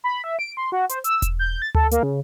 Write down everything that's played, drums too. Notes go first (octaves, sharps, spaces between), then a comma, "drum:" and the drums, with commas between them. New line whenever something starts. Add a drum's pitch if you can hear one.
B5
E5
D7
C6
F#4
C5, drum: hi-hat
E6, drum: hi-hat
drum: kick E1, hi-hat
G6
A6
A4, drum: tom D2
A#3, drum: hi-hat
C#3